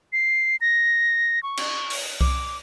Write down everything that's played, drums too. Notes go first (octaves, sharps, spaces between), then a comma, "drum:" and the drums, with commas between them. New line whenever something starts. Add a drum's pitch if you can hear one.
C7
A#6
C#6
drum: cymbal
drum: open hi-hat
D6, drum: kick C2